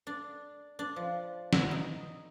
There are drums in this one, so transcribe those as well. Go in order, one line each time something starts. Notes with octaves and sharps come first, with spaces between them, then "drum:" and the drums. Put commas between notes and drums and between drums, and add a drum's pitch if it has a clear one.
D4
D4
F3
drum: snare
D#4